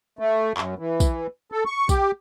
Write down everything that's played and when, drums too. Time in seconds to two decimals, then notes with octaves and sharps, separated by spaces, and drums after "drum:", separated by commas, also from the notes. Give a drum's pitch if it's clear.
0.19 A3
0.57 F#2, drum: clap
0.78 E3
1.00 drum: kick, tambourine
1.52 A4
1.66 C#6
1.89 G4, drum: kick, tambourine